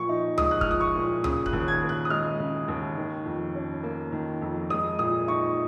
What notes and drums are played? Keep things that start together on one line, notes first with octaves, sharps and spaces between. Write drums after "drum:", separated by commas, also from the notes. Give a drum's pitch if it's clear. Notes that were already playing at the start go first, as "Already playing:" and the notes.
Already playing: A#2 F3 C#6
D#4
G#3 D#6, drum: tom C#2
F#6
F6, drum: kick
F3 D#6
C#6
A#2
C#3 D#6, drum: tom C#2
F#6, drum: kick
D#2
G#6
D#2
F#6
D#6
G#3 F6
C#3
D#2
D#3
F2
C#4
A#3
D#3
F2
G#3 D#6
A#2 D#6
D#4 C#6